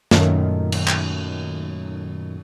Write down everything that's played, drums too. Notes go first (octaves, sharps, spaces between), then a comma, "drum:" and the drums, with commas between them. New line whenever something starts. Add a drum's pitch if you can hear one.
F#2 A#2 D#3 A3, drum: snare
drum: cymbal
drum: clap